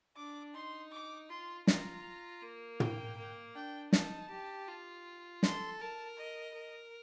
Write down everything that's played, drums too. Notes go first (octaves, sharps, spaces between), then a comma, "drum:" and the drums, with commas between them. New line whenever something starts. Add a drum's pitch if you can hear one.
D4 D6
D#4 C6
D6
F4 C6
F4 A#5, drum: snare
A#3
G5, drum: tom
A#3
D4 G5
D#4 A5, drum: snare
G4
F4
A4 C6, drum: snare
A#4 A5
D#5
A#4